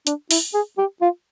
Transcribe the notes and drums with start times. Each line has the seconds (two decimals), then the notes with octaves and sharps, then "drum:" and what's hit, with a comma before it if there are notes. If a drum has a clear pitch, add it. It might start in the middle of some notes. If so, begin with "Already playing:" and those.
0.07 D4, drum: hi-hat
0.31 E4, drum: open hi-hat
0.54 G#4
0.78 G4
1.01 F4